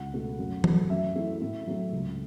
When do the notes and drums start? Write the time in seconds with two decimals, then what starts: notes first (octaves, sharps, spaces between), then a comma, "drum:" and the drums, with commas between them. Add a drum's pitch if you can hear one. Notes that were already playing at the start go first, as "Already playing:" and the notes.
Already playing: C#2 F#5
0.13 B2 A3
0.39 F#2
0.64 F#3 A3, drum: tom E3
0.90 F#2 E5
1.16 E3 A3
1.41 A2
1.67 F#3 A3
1.93 C#2